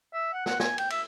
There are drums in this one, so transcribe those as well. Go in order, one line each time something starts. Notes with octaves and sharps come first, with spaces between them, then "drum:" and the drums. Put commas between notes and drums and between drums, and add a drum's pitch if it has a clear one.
E5
F#5
F#5, drum: snare
G#5, drum: snare
G5, drum: cymbal
E5, drum: cymbal